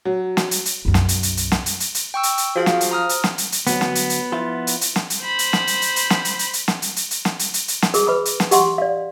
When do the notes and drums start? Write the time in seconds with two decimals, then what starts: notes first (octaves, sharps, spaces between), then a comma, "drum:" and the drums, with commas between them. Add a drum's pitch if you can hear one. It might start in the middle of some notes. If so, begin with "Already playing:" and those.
0.05 F#3
0.37 drum: snare
0.51 drum: hi-hat
0.66 drum: hi-hat
0.85 B1 F#2
0.94 drum: snare
1.09 drum: hi-hat
1.23 drum: hi-hat
1.37 drum: hi-hat
1.52 drum: snare
1.66 drum: hi-hat
1.80 drum: hi-hat
1.95 drum: hi-hat
2.14 G5 C#6 E6
2.23 drum: hi-hat
2.38 drum: hi-hat
2.56 F3 F#4 G#4 F5
2.66 drum: snare
2.81 drum: hi-hat
2.91 A#5 D#6 F6
3.09 drum: hi-hat
3.24 drum: snare
3.38 drum: hi-hat
3.52 drum: hi-hat
3.67 D2 F#3 B3, drum: hi-hat
3.81 drum: snare
3.95 drum: hi-hat
4.10 drum: hi-hat
4.32 F3 E4 F4
4.67 drum: hi-hat
4.81 drum: hi-hat
4.96 drum: snare
5.10 drum: hi-hat
5.21 C5 B5
5.39 drum: hi-hat
5.53 drum: snare
5.67 drum: hi-hat
5.82 drum: hi-hat
5.96 drum: hi-hat
6.10 drum: snare
6.25 drum: hi-hat
6.39 drum: hi-hat
6.53 drum: hi-hat
6.68 drum: snare
6.82 drum: hi-hat
6.96 drum: hi-hat
7.11 drum: hi-hat
7.25 drum: snare
7.39 drum: hi-hat
7.54 drum: hi-hat
7.68 drum: hi-hat
7.82 drum: snare
7.94 G#4 A#4, drum: hi-hat
8.07 B4 B5 D6
8.25 drum: hi-hat
8.40 drum: snare
8.51 G4 F#5 C6, drum: hi-hat
8.78 D5 F5